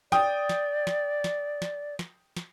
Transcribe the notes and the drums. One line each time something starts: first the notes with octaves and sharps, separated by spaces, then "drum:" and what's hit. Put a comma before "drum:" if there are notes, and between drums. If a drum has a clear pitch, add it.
D5 G5 D#6, drum: snare
drum: snare
drum: snare
drum: snare
drum: snare
drum: snare
drum: snare